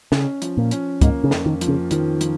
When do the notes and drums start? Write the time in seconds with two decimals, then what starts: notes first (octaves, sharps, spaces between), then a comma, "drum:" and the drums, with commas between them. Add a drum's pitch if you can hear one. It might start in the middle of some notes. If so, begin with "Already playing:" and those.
0.12 C#3 C#4, drum: snare
0.42 F3, drum: hi-hat
0.57 A#2
0.71 C#4, drum: hi-hat
1.01 G#2 A#3, drum: kick, hi-hat
1.24 C#3
1.31 F2, drum: snare
1.46 D#3
1.61 F3, drum: hi-hat
1.68 C#3
1.91 D#3 F3, drum: hi-hat
2.21 F3, drum: hi-hat